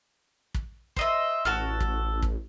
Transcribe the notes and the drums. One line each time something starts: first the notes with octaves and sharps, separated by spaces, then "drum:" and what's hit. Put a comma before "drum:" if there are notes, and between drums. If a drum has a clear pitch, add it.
drum: kick
C5 D#5 E5, drum: kick
A1 F#4 A4 F6
drum: kick
drum: kick